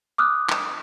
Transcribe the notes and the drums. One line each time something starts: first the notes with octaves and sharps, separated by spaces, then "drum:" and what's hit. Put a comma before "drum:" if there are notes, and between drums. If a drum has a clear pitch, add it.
D6 D#6 F6 F#6
drum: clap